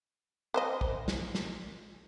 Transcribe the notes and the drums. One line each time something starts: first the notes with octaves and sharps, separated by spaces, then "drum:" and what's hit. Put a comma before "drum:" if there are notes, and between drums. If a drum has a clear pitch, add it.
B4 C5 D#5
drum: kick
drum: snare
drum: snare